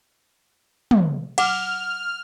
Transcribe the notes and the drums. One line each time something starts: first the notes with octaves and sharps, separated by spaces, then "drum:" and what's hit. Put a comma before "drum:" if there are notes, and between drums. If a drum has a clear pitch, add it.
drum: tom
F#5 D6 F6, drum: cymbal